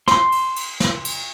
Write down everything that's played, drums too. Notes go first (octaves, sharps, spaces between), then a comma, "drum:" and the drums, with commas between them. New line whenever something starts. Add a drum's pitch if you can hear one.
C6, drum: snare
drum: cymbal
drum: cymbal
drum: snare
drum: cymbal